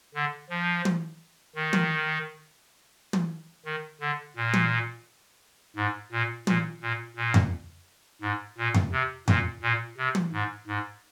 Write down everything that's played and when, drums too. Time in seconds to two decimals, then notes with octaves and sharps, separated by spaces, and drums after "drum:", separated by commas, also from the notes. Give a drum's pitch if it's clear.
0.15 D3
0.50 F3
0.85 drum: tom
1.55 D#3
1.73 drum: tom
3.13 drum: tom
3.65 D#3
4.01 D3
4.36 A#2
4.53 drum: tom
5.76 G#2
6.12 A#2
6.47 A#2, drum: tom
6.82 A#2
7.16 A#2
7.34 drum: tom F2
8.21 G#2
8.57 A#2
8.74 drum: tom F2
8.92 C3
9.28 A#2, drum: tom F2
9.62 A#2
9.98 C3
10.15 drum: tom
10.32 G#2
10.67 G#2